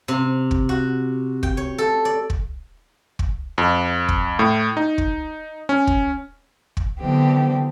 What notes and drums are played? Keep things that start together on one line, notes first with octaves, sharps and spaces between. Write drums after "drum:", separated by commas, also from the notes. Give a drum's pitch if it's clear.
C3
drum: kick
F#4
G5, drum: kick
C#5
A4
D5
drum: kick
drum: kick
F2
drum: kick
A2
D#4
drum: kick
C#4
drum: kick
drum: kick
D3 E3 F#3 B3 C4 G4